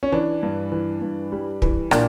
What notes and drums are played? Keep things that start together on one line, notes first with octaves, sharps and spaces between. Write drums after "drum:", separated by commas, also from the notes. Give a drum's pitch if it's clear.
C#4
E3 D4
G2
E3
G2
G3
E3, drum: kick
A#2 D4, drum: rim click